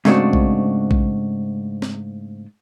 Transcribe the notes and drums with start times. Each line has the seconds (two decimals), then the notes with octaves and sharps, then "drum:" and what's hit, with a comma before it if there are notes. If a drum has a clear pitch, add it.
0.05 G#2 C#3 A3 C4 D4 F#4, drum: snare
0.33 drum: kick A#1
0.91 drum: kick A#1
1.82 drum: snare